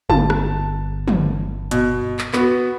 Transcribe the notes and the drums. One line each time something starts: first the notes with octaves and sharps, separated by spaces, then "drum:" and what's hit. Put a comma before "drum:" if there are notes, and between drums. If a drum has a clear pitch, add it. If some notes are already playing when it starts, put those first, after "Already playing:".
G1 A5, drum: tom
drum: rim click
drum: tom
B2, drum: hi-hat
drum: clap
B3 F#4, drum: clap